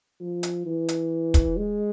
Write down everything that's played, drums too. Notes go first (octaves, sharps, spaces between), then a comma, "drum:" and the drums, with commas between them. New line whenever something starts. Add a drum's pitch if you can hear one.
F3
drum: hi-hat
E3
drum: hi-hat
drum: kick, hi-hat
G#3